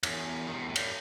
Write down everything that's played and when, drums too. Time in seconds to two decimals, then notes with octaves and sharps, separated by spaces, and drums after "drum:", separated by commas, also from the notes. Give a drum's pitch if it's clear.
0.03 E2, drum: cymbal
0.47 D#3
0.54 C3
0.61 B2
0.69 A2
0.76 G2, drum: cymbal